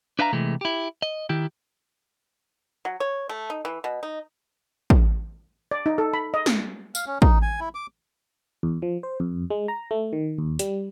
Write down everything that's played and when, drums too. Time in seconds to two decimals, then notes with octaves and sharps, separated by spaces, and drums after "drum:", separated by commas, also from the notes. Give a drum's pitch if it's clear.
0.19 D4 B4 E5 F5 G5 A#5
0.33 C3 E3 G#3 A3
0.61 E4 G4
1.02 D#5
1.29 D#3 E4 G4
2.85 F#3
3.00 C#5
3.29 A3
3.50 D#4
3.65 E3
3.84 B2
4.03 D#4
4.90 drum: kick
5.71 D5
5.86 D#4
5.98 A4
6.14 B5
6.34 D#5
6.46 drum: snare
6.95 F5, drum: tambourine
7.06 C#4
7.22 D#4, drum: kick
7.42 G#5
7.60 E4
7.75 D6
8.63 E2
8.82 F3
9.03 C5
9.20 F2
9.50 G#3
9.68 A#5
9.91 A3
10.13 D#3
10.38 D#2
10.59 G3, drum: hi-hat